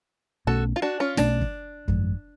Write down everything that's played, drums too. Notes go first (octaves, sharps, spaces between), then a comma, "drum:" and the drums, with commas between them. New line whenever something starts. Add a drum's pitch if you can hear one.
B1 B2 A3 C#4 F#4 A4
F4
D4 F#4
C#4 F4
B1 B2 A3 C#4 D4, drum: snare
drum: kick
G#1 F#2 F3 G#3, drum: kick